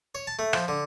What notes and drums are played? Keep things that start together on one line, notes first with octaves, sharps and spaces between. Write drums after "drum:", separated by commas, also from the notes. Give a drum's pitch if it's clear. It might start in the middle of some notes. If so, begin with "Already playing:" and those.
C#5
A5
A3
F3, drum: rim click
D3